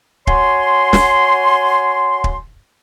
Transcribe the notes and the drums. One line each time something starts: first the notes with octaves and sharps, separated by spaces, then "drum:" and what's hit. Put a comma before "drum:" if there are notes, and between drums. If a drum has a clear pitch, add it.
F#4 C#5 G#5 C6, drum: kick
drum: snare
drum: kick